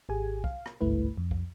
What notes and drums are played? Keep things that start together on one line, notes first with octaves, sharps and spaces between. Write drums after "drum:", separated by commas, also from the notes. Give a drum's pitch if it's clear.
G#1 G4 G#4 G#5
F5, drum: kick
drum: rim click
G#1 C#2 G2 A3 E4 B4
F2
drum: kick